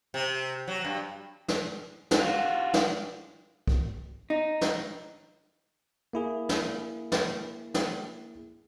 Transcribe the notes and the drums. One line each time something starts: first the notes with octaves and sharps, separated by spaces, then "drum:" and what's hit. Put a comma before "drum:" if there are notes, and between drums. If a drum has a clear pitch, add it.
C3
F#3
G2
drum: snare
drum: snare
F4 F#4
drum: snare
drum: kick C2
D#4
drum: snare
A#3 E4 G#4
drum: snare
drum: snare
drum: snare